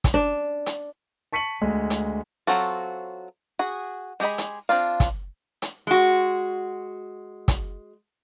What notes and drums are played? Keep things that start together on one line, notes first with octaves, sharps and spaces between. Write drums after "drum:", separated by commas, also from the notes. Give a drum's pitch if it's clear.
drum: kick, hi-hat
D4
drum: hi-hat
A5 C#6 B6 C#7 D#7 F#7
D2 G#3
drum: hi-hat
F#3 C4 F4 F#4 A4
F#4 G#4
G#3 G4 G#4 D#5 B5
drum: hi-hat
C4 D4 F4 F5
drum: kick, hi-hat
drum: hi-hat
G#3 F#4
drum: kick, hi-hat